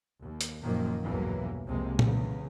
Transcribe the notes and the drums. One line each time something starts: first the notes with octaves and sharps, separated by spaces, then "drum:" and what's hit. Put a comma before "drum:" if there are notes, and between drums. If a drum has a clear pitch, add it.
D#2
drum: hi-hat
F#1 F#2 A#2 D#3 F3 A#3
B1 E2 G2 E3 F#3 A#3
C2 F2 C3 G#3 A#3
E2 C#3, drum: tom